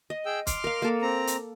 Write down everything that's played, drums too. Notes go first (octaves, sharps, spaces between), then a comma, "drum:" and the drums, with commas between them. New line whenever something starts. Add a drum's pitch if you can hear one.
D#5
G#4 G5 E6
C6 D6 F6, drum: kick, hi-hat
A#4 F5
A#3 A4
C4 A#5
drum: hi-hat